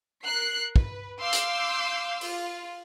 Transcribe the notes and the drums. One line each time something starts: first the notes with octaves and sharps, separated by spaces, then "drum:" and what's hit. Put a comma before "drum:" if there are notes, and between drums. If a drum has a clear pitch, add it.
A#4 F#6 C7
B4, drum: kick
F5 C6 D6 E6 G6
drum: hi-hat
F4, drum: open hi-hat